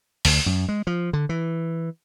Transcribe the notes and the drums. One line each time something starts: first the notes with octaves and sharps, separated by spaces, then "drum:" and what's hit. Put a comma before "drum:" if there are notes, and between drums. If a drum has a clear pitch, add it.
D2, drum: open hi-hat
F#2
G#3
F3
D3
E3